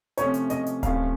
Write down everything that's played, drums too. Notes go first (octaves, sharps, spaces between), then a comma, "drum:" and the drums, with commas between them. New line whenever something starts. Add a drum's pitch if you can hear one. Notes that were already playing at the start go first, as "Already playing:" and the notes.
C3 F3 A3 C#4 C#5, drum: hi-hat
drum: hi-hat
D#5, drum: hi-hat
drum: hi-hat
C3 F3 A3 C#4 F5, drum: kick D1, hi-hat